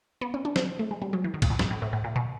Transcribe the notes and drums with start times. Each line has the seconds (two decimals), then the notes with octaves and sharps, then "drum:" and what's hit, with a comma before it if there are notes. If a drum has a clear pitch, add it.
0.21 B3
0.34 C#4
0.45 D4
0.56 C4, drum: snare
0.79 A3
0.91 G#3
1.02 G3
1.13 F#3
1.24 E3
1.34 D#3
1.42 A#2, drum: kick C2, cymbal
1.50 A2
1.59 G#2, drum: snare
1.71 A2
1.82 A2
1.93 A2
2.04 A#2
2.16 B2